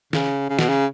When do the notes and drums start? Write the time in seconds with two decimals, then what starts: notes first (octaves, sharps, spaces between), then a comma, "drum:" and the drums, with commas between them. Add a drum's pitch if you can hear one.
0.13 C#3, drum: snare
0.50 C#3
0.59 B2, drum: snare
0.69 C#3